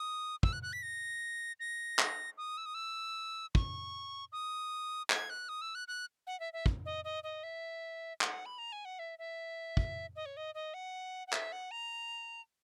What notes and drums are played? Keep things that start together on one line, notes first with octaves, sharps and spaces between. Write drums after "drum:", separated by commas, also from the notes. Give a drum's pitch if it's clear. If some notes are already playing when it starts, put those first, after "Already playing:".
Already playing: D#6
E6, drum: kick
F#6
F#6
B6
A#6
A#6
drum: clap
D#6
E6
D#6
E6
C#6, drum: kick
D#6
G#6, drum: clap
F#6
D#6
E6
F#6
F#6
F#5
E5
E5
drum: kick
D#5
D#5
D#5
E5
F#5, drum: clap
B5
A#5
G#5
F#5
E5
E5
drum: kick
D#5
C#5
D#5
D#5
F#5
F#5
E5, drum: clap
F#5
A#5